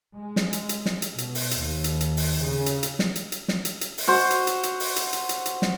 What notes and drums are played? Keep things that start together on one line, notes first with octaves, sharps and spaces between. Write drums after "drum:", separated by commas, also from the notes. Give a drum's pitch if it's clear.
G#3
drum: snare
drum: hi-hat
drum: hi-hat
drum: snare
drum: hi-hat
B2, drum: hi-hat
drum: open hi-hat
drum: hi-hat
D#2
drum: hi-hat
drum: hi-hat
drum: open hi-hat
C#3
drum: hi-hat
drum: hi-hat
drum: snare
drum: hi-hat
drum: hi-hat
drum: snare
drum: hi-hat
drum: hi-hat
drum: open hi-hat
F#4 C5
drum: hi-hat
drum: hi-hat
drum: hi-hat
drum: open hi-hat
drum: hi-hat
drum: hi-hat
drum: hi-hat
drum: hi-hat
drum: snare